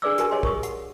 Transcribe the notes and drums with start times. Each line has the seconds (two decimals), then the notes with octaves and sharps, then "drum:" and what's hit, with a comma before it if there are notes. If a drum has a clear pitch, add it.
0.02 D4 G#4 B4 D5 D6 E6
0.18 F#4 G4 A#4 B4 G#5, drum: hi-hat
0.31 G#4 C#5 D#5 G#5 C6
0.43 A#4 C#6 D#6, drum: kick
0.63 F#5, drum: hi-hat